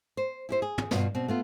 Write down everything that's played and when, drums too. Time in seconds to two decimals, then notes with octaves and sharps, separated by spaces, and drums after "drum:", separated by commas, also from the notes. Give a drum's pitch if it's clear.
0.17 C5
0.49 E4 G4 C5
0.62 G#4
0.78 drum: tom
0.91 G2 B2 F4, drum: snare
1.15 B2 C4
1.28 A3 B3 F4